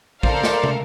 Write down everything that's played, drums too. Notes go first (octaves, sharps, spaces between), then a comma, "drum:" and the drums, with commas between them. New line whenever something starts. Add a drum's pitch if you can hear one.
A4 A#4 C5 D5 F5, drum: kick A1
drum: snare
drum: tom